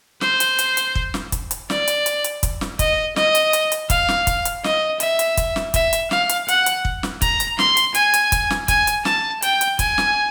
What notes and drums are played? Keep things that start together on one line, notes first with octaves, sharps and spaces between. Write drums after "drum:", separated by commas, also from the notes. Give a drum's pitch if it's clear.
C5, drum: snare
drum: hi-hat
drum: hi-hat
drum: hi-hat
drum: kick
drum: snare
drum: kick, hi-hat
drum: hi-hat
D5, drum: snare
drum: hi-hat
drum: hi-hat
drum: hi-hat
drum: kick, hi-hat
drum: snare
D#5, drum: kick, hi-hat
D#5, drum: snare
drum: hi-hat
drum: hi-hat
drum: hi-hat
F5, drum: kick, hi-hat
drum: snare
drum: kick, hi-hat
drum: hi-hat
D#5, drum: snare
E5, drum: hi-hat
drum: hi-hat
drum: kick, hi-hat
drum: snare
E5, drum: kick, hi-hat
drum: hi-hat
F5, drum: snare
drum: hi-hat
F#5, drum: hi-hat
drum: hi-hat
drum: kick
drum: snare
A#5, drum: kick, hi-hat
drum: hi-hat
C6, drum: snare
drum: hi-hat
G#5, drum: hi-hat
drum: hi-hat
drum: kick, hi-hat
drum: snare
G#5, drum: kick, hi-hat
drum: hi-hat
A5, drum: snare
G5, drum: hi-hat
drum: hi-hat
G#5, drum: kick, hi-hat
drum: snare